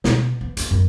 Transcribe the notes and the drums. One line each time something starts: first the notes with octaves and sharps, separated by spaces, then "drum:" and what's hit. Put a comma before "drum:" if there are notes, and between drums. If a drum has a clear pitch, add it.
B2, drum: snare
E3
A#3, drum: hi-hat
F#2